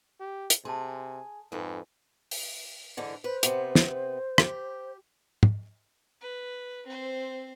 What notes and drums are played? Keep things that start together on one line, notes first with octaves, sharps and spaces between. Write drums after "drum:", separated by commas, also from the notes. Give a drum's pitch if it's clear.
G4
drum: hi-hat
C3 G#4 A5 C6
F2 G#2 A4 B4
drum: open hi-hat
G#2 D3 E3
B4 C5
C3 B3, drum: hi-hat
drum: snare
G4, drum: rim click
drum: tom
B4
C4 C5